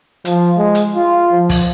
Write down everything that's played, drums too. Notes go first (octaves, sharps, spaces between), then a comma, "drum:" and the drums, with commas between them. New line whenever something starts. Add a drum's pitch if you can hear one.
F3, drum: hi-hat
G#3
drum: hi-hat
F4
F3
drum: kick, open hi-hat